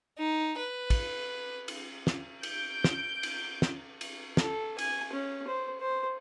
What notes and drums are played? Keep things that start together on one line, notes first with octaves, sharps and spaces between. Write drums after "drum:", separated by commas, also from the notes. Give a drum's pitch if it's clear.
D#4
B4
drum: kick, cymbal
drum: cymbal
drum: snare
G6 D7, drum: cymbal
drum: snare
drum: cymbal
drum: snare
drum: cymbal
A4, drum: snare
G#5, drum: cymbal
C#4
C5
C5